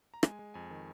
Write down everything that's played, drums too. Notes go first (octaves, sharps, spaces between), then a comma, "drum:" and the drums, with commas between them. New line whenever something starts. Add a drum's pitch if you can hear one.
A#5
G#3 G#5, drum: rim click
G#3
F2 G#5
D#3